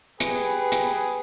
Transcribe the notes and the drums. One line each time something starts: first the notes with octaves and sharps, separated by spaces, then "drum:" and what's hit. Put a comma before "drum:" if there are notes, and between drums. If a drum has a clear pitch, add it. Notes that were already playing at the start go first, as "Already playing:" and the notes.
G4 G#4 B4, drum: hi-hat
drum: hi-hat